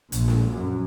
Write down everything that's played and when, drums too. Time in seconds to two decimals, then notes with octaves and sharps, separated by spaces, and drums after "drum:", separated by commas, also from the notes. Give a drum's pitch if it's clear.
0.12 A#1, drum: hi-hat
0.28 drum: snare
0.52 F#2